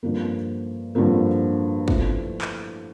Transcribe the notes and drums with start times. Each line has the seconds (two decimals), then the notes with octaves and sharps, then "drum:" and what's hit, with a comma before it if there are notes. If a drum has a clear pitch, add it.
0.03 G2 D3 F3 A#3
0.95 G2 D3 F3 A#3
1.88 F3 A3 E4, drum: kick
2.42 drum: clap